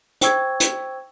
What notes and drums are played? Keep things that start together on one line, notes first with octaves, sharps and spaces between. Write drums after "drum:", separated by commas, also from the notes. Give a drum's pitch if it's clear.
C5 G5 C#6 E6 G#6, drum: hi-hat
drum: hi-hat